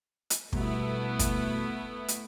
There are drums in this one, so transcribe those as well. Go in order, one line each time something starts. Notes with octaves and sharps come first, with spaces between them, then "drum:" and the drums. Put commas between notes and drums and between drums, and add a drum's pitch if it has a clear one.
drum: hi-hat
B2 G3 A3 B3 E4 F#4, drum: kick
drum: kick, hi-hat
drum: hi-hat